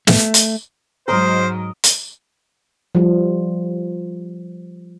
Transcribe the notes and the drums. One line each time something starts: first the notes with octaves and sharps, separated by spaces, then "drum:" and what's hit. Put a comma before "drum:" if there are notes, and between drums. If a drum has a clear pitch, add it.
A3, drum: snare
drum: hi-hat
G#2 F#3 A#4 C5 D#5
drum: hi-hat
F3 G3